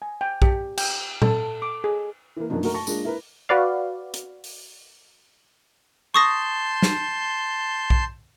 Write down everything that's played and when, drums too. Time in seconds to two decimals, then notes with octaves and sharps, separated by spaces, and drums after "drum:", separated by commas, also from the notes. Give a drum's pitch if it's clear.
0.02 G#5
0.21 G5
0.42 G4, drum: kick
0.78 G5, drum: cymbal
1.22 A4, drum: tom A#2
1.62 D6
1.84 G#4
2.37 E3 A#3
2.50 F#2 B2 F3 F#3 D4 D#4
2.63 A3 F#4 A#4, drum: open hi-hat
2.74 A5 C#6 A#6
2.87 G#3 A#3 D4 F4 G#4, drum: tambourine
3.05 E4 A#4 B4
3.49 F#4 B4 D5 F5
4.14 drum: hi-hat
4.44 drum: open hi-hat
6.14 A5 C6 C#6 D#6 G6 A#6
6.82 drum: snare
7.90 drum: kick